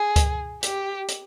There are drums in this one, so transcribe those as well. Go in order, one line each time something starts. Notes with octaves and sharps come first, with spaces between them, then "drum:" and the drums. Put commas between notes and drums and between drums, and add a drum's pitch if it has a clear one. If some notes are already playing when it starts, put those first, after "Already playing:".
Already playing: G#4
drum: kick C#2, hi-hat
G4, drum: hi-hat
drum: hi-hat